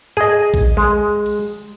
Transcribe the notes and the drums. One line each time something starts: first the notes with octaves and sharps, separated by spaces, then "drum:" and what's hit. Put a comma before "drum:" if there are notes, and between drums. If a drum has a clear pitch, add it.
G#4 D#5
drum: kick A#1
G#3
drum: cymbal